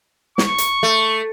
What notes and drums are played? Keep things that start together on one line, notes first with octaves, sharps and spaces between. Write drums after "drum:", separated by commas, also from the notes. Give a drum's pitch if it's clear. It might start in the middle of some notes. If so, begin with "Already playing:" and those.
C#6, drum: snare
drum: hi-hat
A3